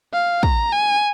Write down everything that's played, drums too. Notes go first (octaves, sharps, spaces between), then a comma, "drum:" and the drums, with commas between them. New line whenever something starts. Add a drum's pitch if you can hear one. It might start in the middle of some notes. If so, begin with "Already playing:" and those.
F5
A#5, drum: kick
G#5